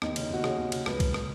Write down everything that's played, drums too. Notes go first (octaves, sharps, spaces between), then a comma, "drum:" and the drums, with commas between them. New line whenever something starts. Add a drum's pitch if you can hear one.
D#2 D#4, drum: rim click
C#3, drum: cymbal
D#4
D#2 F#4
C#3 G#4, drum: rim click
D#2
C#3, drum: cymbal
C#2 B4, drum: rim click
C#3, drum: kick, cymbal
drum: rim click